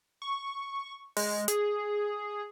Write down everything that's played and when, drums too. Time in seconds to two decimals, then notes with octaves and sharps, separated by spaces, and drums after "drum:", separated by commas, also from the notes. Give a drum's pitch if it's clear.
0.22 C#6
1.17 G#3, drum: open hi-hat
1.48 G#4, drum: hi-hat